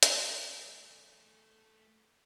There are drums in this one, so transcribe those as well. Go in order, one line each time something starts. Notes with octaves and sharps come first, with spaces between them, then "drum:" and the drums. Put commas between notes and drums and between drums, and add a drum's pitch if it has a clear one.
A3 G#4, drum: hi-hat